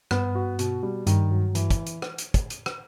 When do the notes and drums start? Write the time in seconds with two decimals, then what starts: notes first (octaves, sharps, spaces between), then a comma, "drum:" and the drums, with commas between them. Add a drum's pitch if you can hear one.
0.11 G2 B3, drum: rim click
0.35 F#4
0.59 B2, drum: hi-hat
0.83 G3
1.07 G2 D#3, drum: hi-hat
1.31 F#3
1.55 E3, drum: hi-hat
1.70 drum: kick, hi-hat
1.86 drum: hi-hat
2.02 drum: rim click
2.18 drum: hi-hat
2.34 drum: kick, hi-hat
2.50 drum: hi-hat
2.66 drum: rim click